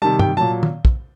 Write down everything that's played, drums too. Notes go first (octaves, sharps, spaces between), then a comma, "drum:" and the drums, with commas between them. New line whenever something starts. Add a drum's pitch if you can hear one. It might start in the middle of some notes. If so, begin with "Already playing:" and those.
C3 D#3 G3 A5
G5, drum: tom G2
A#2 F#3 A5
drum: tom
drum: kick